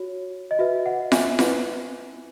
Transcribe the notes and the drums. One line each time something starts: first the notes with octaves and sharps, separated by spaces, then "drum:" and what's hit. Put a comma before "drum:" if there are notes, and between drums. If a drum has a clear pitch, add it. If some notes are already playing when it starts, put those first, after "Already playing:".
Already playing: F#4 C#5
D#5
F#4 B4 E5
D#5 F#5
E5 G#5, drum: snare F4
E4 B4, drum: snare F4